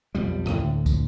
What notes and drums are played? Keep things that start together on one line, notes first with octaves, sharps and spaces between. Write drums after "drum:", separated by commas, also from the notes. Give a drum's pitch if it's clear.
B1 F2 G3
D2 A2 D3, drum: rim click
drum: kick, tambourine